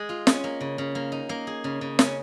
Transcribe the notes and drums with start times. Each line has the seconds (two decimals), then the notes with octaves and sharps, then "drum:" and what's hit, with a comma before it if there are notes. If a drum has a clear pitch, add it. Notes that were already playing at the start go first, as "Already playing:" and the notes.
Already playing: G#3 G#4
0.09 F4
0.27 C#4, drum: snare
0.44 A#3
0.61 C#3
0.78 C#3
0.95 A#3
1.12 D#4
1.29 A#3
1.47 G#4
1.64 C#3
1.81 C#3
1.99 C#4, drum: snare